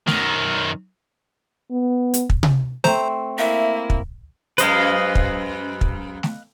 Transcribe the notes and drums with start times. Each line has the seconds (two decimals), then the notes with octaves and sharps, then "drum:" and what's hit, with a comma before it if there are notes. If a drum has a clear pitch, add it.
0.07 F#2 D#3, drum: snare
1.71 B3
2.14 drum: hi-hat
2.30 drum: kick
2.43 drum: tom C3
2.84 A3 C4 C5 A#5, drum: snare
3.38 A#3 E4 E5
3.90 drum: kick
4.58 F#2 G#3 B4 C5 D#5 F5, drum: hi-hat
5.15 drum: kick
5.81 drum: kick
6.23 drum: snare